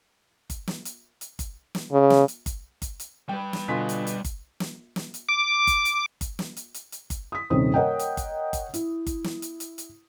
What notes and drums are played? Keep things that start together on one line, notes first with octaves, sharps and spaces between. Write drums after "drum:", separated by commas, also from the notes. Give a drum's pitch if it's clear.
drum: kick G1, hi-hat
drum: snare
drum: hi-hat
drum: hi-hat
drum: kick G1, hi-hat
drum: snare
C#3
drum: snare
drum: hi-hat
drum: kick G1, hi-hat
drum: kick G1, hi-hat
drum: hi-hat
G3 B4 G5
drum: snare
B2 D3 F4 G#5 C6 B6
drum: hi-hat
drum: hi-hat
drum: kick G1, hi-hat
drum: snare
drum: snare
drum: hi-hat
D6
drum: kick G1, hi-hat
drum: hi-hat
drum: kick G1, hi-hat
drum: snare
drum: hi-hat
drum: hi-hat
drum: hi-hat
drum: kick G1, hi-hat
D#6 B6
D#1 C3 D#3 C#4 C5 D#6
A#4 C#5 D#5 F#5 G5
drum: hi-hat
drum: kick G1, hi-hat
drum: kick G1, hi-hat
E4, drum: hi-hat
drum: kick G1, hi-hat
drum: snare
drum: hi-hat
drum: hi-hat
drum: hi-hat